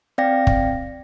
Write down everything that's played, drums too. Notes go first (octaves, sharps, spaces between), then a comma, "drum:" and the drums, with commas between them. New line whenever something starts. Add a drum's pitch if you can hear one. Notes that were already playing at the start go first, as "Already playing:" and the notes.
C4 D5 F5 G5 A#6
drum: kick